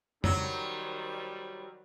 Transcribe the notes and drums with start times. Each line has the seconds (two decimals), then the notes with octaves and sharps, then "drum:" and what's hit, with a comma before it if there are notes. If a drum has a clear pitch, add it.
0.24 D#3 F#3 G3 C5, drum: tom F2